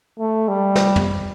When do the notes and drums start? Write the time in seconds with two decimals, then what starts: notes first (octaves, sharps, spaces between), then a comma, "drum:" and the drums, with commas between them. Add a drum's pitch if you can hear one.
0.20 A3
0.48 G3
0.76 drum: snare
0.96 drum: tom